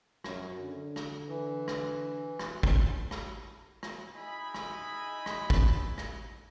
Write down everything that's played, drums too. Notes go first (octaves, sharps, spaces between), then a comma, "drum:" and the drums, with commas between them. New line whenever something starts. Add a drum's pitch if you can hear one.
F#2, drum: rim click
D3
drum: rim click
E3
drum: rim click
drum: rim click
drum: kick
drum: rim click
drum: rim click
D#4 E4 G#4 D#5 G#5 B5
drum: rim click
drum: rim click
drum: kick
drum: rim click